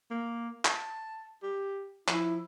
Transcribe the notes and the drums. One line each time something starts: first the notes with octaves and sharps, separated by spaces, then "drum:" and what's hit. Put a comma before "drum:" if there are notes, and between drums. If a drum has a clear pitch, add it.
A#3
A5, drum: clap
G4
F3 E4, drum: clap